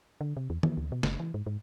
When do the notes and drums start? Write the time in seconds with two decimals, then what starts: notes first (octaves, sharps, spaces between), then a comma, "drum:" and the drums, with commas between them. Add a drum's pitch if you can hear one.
0.21 D3
0.37 C3
0.50 E2
0.63 E3, drum: tom
0.77 D2
0.92 B2
1.03 F#1, drum: snare
1.20 E3
1.34 G#2
1.46 G#2